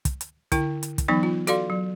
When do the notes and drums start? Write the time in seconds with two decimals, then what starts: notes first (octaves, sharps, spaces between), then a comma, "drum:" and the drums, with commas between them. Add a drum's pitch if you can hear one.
0.05 drum: kick, hi-hat
0.21 drum: hi-hat
0.52 D3 E4 G5, drum: kick, hi-hat
0.83 drum: hi-hat
0.98 drum: kick, hi-hat
1.08 E3 F#3 B3 D#4 C#6
1.23 F4
1.47 F#4 A4 D5 F5 C6, drum: hi-hat
1.70 F#3